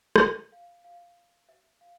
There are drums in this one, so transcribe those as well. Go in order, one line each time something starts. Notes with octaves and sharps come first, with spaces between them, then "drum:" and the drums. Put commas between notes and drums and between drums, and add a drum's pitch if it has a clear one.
drum: rim click
F5
F5
E5
F5